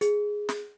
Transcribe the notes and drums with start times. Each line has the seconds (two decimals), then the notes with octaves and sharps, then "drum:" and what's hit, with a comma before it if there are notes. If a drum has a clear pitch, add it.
0.01 G#4, drum: hi-hat
0.49 drum: snare